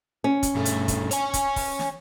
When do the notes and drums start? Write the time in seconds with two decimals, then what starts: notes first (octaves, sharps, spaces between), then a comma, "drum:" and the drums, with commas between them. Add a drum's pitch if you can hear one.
0.24 C#4
0.43 drum: kick, hi-hat
0.55 G2 A3
0.65 drum: hi-hat
0.88 drum: kick, hi-hat
1.11 C#5 G#5, drum: hi-hat
1.34 drum: kick, hi-hat
1.56 drum: kick, open hi-hat
1.79 drum: snare